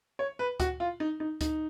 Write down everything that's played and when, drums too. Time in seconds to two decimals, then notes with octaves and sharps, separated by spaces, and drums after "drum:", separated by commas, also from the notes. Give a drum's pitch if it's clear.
0.19 C#5
0.39 B4
0.60 F#4, drum: kick D2, hi-hat
0.80 F4
1.00 D#4
1.20 D#4
1.41 D#4, drum: kick D2, hi-hat